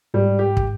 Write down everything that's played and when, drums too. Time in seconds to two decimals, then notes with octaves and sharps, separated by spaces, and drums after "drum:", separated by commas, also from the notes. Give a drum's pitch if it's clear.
0.14 G#2 G3
0.39 G4
0.57 drum: kick